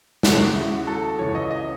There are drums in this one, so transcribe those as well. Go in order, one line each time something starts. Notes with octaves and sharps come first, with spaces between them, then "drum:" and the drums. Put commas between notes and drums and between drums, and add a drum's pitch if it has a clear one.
D#2 C#3 G#3 F#4, drum: snare
E4
F#4
A4
C#2 C#3 E3 C#5
D#5
D#5